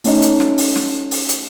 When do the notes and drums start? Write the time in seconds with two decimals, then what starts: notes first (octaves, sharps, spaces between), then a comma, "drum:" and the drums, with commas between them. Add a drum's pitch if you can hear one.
0.04 A3 C#4 D#4 D#5, drum: open hi-hat
0.22 drum: hi-hat
0.40 drum: snare
0.58 drum: open hi-hat
0.75 drum: snare
1.11 drum: open hi-hat
1.29 drum: hi-hat